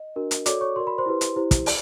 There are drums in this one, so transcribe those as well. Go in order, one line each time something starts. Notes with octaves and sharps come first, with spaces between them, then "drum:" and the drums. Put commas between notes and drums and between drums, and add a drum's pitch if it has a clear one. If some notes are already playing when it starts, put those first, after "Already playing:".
Already playing: D#5
D4 F#4 A#4
drum: hi-hat
F#4 A4 C#5 D5 D6, drum: hi-hat
C#5 C#6
F#4 A#4 D5 C6
B5
C5 C6
E4 G4 B4
drum: hi-hat
E4 G4 C5
drum: kick, hi-hat
D5, drum: open hi-hat